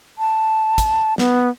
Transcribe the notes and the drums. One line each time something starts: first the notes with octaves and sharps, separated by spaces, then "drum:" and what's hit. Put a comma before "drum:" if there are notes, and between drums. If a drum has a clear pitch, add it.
A5
drum: kick, hi-hat
B3, drum: snare